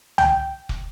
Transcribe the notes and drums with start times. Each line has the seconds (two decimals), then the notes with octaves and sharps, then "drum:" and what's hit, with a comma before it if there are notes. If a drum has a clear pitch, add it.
0.18 G5, drum: tom
0.69 drum: kick